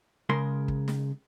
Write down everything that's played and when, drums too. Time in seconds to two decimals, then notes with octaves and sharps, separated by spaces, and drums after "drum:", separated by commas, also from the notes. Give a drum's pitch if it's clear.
0.29 C#3 G#3 A#4 C6
0.68 drum: kick
0.88 drum: snare